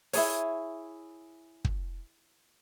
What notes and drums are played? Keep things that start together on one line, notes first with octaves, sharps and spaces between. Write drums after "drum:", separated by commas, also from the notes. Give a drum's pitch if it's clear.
E4 G#4 C#5, drum: open hi-hat
drum: kick